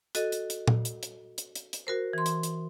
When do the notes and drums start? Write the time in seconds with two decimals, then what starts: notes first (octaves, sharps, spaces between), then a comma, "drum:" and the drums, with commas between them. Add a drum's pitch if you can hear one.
0.15 F#4 A4 D#5, drum: hi-hat
0.32 drum: hi-hat
0.50 drum: hi-hat
0.67 drum: tom A#2
0.85 drum: hi-hat
1.03 drum: hi-hat
1.38 drum: hi-hat
1.55 drum: hi-hat
1.73 drum: hi-hat
1.87 F#4 A#4 C5
2.13 E3 C6
2.26 drum: hi-hat
2.43 drum: hi-hat